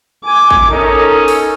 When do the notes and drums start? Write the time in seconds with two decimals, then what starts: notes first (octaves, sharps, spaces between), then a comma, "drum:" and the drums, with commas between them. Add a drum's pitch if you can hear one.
0.25 G#5 D6
0.50 drum: kick G#1
0.71 C#4 D#4 A4 A#4
1.28 drum: open hi-hat